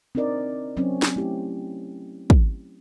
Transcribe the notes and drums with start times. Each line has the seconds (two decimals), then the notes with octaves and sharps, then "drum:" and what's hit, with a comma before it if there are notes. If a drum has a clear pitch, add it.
0.15 C4 D4 D#4 A#4 D5 D#5
0.77 F#3 C4 C#4
1.02 drum: snare
1.16 A3 E4 G4
2.30 drum: kick